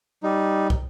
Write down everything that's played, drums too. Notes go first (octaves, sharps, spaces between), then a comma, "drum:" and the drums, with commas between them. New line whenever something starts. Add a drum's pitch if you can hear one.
G3 D#4
drum: kick